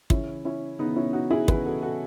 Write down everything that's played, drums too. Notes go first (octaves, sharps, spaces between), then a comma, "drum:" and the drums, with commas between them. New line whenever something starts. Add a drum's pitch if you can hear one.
C#3 E3 C#4 E4, drum: kick
C#4 E4
C#3 E3 B3 D#4
C#4 E4
D#4 F#4
E4 G#4
C#3 E3 G#4 B4, drum: kick
F#4 A4
F#4 A4